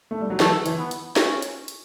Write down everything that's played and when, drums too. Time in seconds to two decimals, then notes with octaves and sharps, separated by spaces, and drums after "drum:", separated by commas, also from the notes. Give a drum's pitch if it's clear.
0.11 A3
0.21 G3
0.30 F#3
0.40 E3 A3, drum: snare
0.66 E3, drum: hi-hat
0.78 B3
0.91 drum: hi-hat
1.16 C#4, drum: snare
1.42 drum: hi-hat
1.68 drum: hi-hat